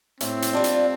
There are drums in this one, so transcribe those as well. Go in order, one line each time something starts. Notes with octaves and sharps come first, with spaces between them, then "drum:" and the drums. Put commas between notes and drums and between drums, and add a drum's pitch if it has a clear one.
A2 C4, drum: hi-hat
drum: hi-hat
G3 D4 F4
drum: hi-hat